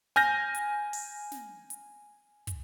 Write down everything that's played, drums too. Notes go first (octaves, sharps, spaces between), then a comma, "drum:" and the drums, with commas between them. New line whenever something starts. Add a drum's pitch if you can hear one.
G#5 F6 G6 A#6, drum: snare
drum: hi-hat
drum: open hi-hat
drum: snare
drum: hi-hat
drum: kick, hi-hat